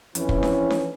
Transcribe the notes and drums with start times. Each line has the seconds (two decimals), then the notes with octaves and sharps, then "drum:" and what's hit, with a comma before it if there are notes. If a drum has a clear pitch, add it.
0.15 F2 E3 C#4, drum: hi-hat
0.29 drum: kick
0.43 drum: snare D4
0.70 drum: snare D4